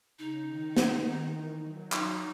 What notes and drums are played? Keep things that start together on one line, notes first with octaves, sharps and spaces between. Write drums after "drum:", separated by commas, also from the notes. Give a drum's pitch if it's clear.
C#3 D#4
D#3
drum: snare
E3
F#3
F#3 D#4, drum: clap